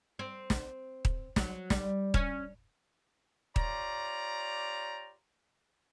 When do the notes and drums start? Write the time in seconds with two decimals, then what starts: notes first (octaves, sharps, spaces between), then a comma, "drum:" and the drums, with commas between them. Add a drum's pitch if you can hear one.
0.19 C4
0.50 drum: snare
1.05 drum: kick D#1
1.36 F#3, drum: snare
1.70 G3, drum: snare
2.14 C#4, drum: kick D#1
3.56 F4 G4 C#5 D5 A#5, drum: kick D#1